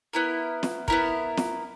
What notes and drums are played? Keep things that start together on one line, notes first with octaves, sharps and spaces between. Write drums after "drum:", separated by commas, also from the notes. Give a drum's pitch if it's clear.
B3 E4 A#4
drum: snare
B3 E4 A#4, drum: kick
drum: snare